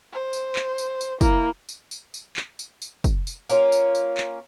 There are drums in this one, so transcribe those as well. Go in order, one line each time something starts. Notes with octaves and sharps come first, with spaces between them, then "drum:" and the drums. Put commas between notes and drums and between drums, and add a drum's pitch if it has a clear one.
C5
drum: tambourine
drum: clap
drum: tambourine
drum: tambourine
A#3 E4, drum: kick, tambourine
drum: tambourine
drum: tambourine
drum: tambourine
drum: clap
drum: tambourine
drum: tambourine
drum: kick, tambourine
drum: tambourine
A#3 C#4 F4, drum: tambourine
drum: tambourine
drum: tambourine
drum: clap